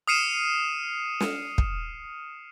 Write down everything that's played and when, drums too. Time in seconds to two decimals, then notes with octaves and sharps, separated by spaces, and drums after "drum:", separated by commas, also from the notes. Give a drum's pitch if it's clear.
0.08 D#6 F6 C7 C#7 D#7 E7
1.20 drum: snare
1.58 drum: kick